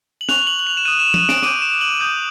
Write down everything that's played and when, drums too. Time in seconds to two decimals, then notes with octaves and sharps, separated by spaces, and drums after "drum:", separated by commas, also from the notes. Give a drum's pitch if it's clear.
0.21 F#7
0.29 C#6 F#6 F7, drum: snare
0.47 F#7
0.59 F#7
0.67 F7
0.77 E7
0.85 D#6 F#6 D#7
0.99 E7
1.14 D#7, drum: tom
1.29 D7, drum: snare
1.43 D6 G6 D#7, drum: snare
1.62 E7
1.81 F#7
2.00 D#6 G6